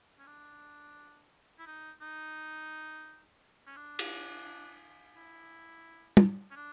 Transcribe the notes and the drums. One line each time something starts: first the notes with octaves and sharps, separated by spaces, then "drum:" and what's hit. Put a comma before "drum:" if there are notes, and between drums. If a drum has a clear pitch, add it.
C#4
D4
E4
D#4
D#4
C#4
D4
drum: cymbal
E4
drum: tom
C#4
D4